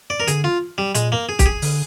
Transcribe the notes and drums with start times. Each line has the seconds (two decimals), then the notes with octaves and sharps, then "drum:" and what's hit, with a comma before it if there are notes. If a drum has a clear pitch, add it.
0.10 D5
0.20 A#4
0.27 D3 G#4, drum: hi-hat
0.44 F4
0.78 G3
0.95 A#2 G#3, drum: hi-hat
1.12 A#3
1.29 G#4
1.39 G4, drum: kick, hi-hat
1.46 G#4
1.62 D3, drum: open hi-hat